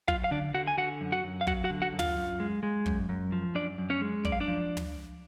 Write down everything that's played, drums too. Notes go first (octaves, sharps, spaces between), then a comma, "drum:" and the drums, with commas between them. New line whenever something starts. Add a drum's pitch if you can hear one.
F#3 F4 F5, drum: kick
F5
D3 D4 D5
D3 F#4 F#5
G#5
D3 F#4 F#5
F#2
F#4 F#5
F#2
F5
F#3 F#4 F#5, drum: kick
F#4 F#5
D3
F#4 F#5
F#2
F4 F5, drum: tom
F#2
G#3
G#3
F#2, drum: kick
F#2
F3
F#2 D4 D5
F#2
C#4 C#5
G#3
F#2 D5, drum: kick
F5
D4 D5
F3
drum: tom